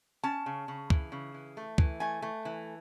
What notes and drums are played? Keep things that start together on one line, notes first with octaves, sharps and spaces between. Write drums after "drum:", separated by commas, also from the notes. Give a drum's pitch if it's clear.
C#4 A5
C#3
C#3
E3, drum: kick
C#3
E3
A3
E3, drum: kick
A3 G#5
A3
E3